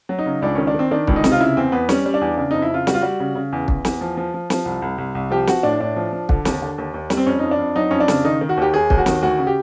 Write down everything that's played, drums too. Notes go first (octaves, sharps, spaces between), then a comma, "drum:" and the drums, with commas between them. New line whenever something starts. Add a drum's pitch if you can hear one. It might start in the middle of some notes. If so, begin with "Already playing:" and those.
F#3
D#4
C#3
C#2 D4
D#3 C#4
D4
D#3 C4
D#3 D4
C#2, drum: kick
D#4
C3, drum: snare
F4
C#3 E4
E2 C4
E2 B3
G3 C#4, drum: snare
G3
D4
E2
C#3 D4
F2 D#4
E4
C#3 F4
G3 F#4, drum: snare
F4
G3 F#4
C#3
C#3
E2
E2, drum: kick
E2, drum: snare
F3
F3
F3
F3, drum: snare
C2
C2
C2
C2
F3 G4
F3 F#4, drum: snare
A2 D4
A2 D4
F3
F3
D3, drum: kick
D#2, drum: snare
D3
D#2
D#2
G3, drum: snare
C4
F2 C#4
F2 D#4
D4
F2
F#3 D#4
F2 C#4
D4
C#3, drum: snare
D#3 D#4
D#3
F#4
D#2 G4
D#2 G#4
D#2, drum: kick
F#4
D#3, drum: snare
D2 F#4
C#3
G4